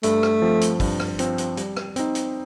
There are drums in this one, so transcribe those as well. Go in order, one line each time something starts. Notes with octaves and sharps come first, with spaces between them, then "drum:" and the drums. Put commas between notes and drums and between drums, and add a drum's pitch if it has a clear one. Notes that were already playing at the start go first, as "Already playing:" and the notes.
G2 A3, drum: hi-hat
drum: rim click
F3 C4
drum: hi-hat
G2, drum: kick, open hi-hat
drum: rim click
F3 C4, drum: hi-hat
drum: hi-hat
G3, drum: hi-hat
drum: rim click
C4 D#4, drum: hi-hat
drum: hi-hat